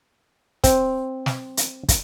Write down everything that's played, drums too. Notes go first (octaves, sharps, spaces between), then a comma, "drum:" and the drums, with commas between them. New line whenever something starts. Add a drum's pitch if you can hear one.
C4 C5, drum: kick, hi-hat
drum: snare
drum: hi-hat
drum: kick, hi-hat